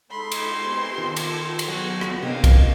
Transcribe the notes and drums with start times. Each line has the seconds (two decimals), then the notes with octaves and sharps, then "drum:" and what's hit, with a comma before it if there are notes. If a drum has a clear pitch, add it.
0.11 G#3 D#4 A4 B5 C6
0.32 drum: cymbal
0.66 B3 C4 G4 A4
0.98 D#3 F4
1.17 drum: cymbal
1.59 drum: cymbal
1.68 F#3 B3 F#4
2.01 drum: rim click
2.23 C3 A#3 D4 D#5 F5
2.44 drum: kick, cymbal